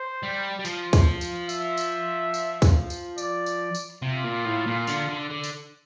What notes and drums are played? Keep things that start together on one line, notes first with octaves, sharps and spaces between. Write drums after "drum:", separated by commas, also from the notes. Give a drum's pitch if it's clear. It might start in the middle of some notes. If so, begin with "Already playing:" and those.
Already playing: C5
G3
G3
F3, drum: tambourine
drum: kick, tambourine
drum: tambourine
E5, drum: tambourine
drum: tambourine
drum: tambourine
drum: kick, tambourine
drum: tambourine
D5, drum: tambourine
drum: tambourine
drum: tambourine
C3 F4
A#2
A2
A#2
D3, drum: tambourine
D3
D3
drum: tambourine